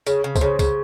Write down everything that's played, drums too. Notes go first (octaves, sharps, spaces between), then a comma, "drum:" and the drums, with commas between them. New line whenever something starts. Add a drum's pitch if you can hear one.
C#3 C#5, drum: tambourine
C#3
C5, drum: kick, tambourine
C#3 C#5
C#3, drum: kick, tambourine